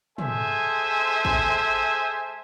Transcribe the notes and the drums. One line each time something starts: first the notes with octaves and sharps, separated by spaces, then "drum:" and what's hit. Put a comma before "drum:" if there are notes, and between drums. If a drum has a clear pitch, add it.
G#3 A4 C5 E5 G#5, drum: tom
drum: kick